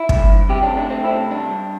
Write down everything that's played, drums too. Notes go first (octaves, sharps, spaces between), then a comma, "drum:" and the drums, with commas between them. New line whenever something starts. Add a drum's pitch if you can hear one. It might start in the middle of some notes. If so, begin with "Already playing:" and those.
Already playing: E4
G2, drum: kick
G2
C3 G4
D4
A3
D4
A3 C4
E4
C3 D4
G2 D4
G2